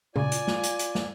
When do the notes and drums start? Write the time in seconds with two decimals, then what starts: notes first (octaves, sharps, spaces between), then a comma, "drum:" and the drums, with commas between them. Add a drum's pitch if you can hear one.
0.16 C#3 F4 D5 G#5, drum: tom A#2
0.32 drum: hi-hat
0.47 drum: snare
0.63 drum: hi-hat
0.79 drum: hi-hat
0.95 drum: snare